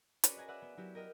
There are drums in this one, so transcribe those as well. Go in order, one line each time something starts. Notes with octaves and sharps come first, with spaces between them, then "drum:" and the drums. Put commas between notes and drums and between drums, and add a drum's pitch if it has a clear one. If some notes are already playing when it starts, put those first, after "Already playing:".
C#4 F#4 G#4 B4 C#5 D5, drum: hi-hat
D#5 F#5 G#5 A#5 A#6
B4 D5 E5 F#5
B3
F#3 B3 E4 F#4 G4
A#4 D#5 G5 F6